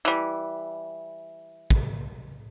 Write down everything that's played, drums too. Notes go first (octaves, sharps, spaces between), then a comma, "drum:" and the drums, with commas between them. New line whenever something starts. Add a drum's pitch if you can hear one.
E3 G3
drum: kick